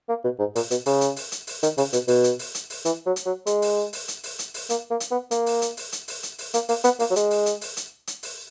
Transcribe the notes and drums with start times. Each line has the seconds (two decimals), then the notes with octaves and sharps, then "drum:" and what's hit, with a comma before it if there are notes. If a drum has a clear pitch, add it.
0.09 A#3
0.24 B2
0.39 G#2
0.56 A#2, drum: open hi-hat
0.71 B2, drum: hi-hat
0.86 C#3, drum: open hi-hat
1.01 drum: hi-hat
1.16 drum: open hi-hat
1.32 drum: hi-hat
1.47 drum: open hi-hat
1.63 D#3, drum: hi-hat
1.78 C#3, drum: open hi-hat
1.93 B2, drum: hi-hat
2.08 B2, drum: open hi-hat
2.24 drum: hi-hat
2.39 drum: open hi-hat
2.55 drum: hi-hat
2.70 drum: open hi-hat
2.85 E3, drum: hi-hat
3.06 F#3
3.16 drum: hi-hat
3.26 F#3
3.47 G#3, drum: hi-hat
3.62 drum: open hi-hat
3.93 drum: open hi-hat
4.08 drum: hi-hat
4.24 drum: open hi-hat
4.39 drum: hi-hat
4.54 drum: open hi-hat
4.70 A#3, drum: hi-hat
4.90 A#3
5.00 drum: hi-hat
5.11 B3
5.31 A#3, drum: hi-hat
5.46 drum: open hi-hat
5.62 drum: hi-hat
5.77 drum: open hi-hat
5.92 drum: hi-hat
6.08 drum: open hi-hat
6.23 drum: hi-hat
6.38 drum: open hi-hat
6.54 A#3, drum: hi-hat
6.69 A#3, drum: open hi-hat
6.84 B3, drum: hi-hat
6.99 A#3, drum: open hi-hat
7.11 F#3
7.16 G#3, drum: hi-hat
7.31 drum: open hi-hat
7.46 drum: hi-hat
7.61 drum: open hi-hat
7.77 drum: hi-hat
8.07 drum: hi-hat
8.23 drum: open hi-hat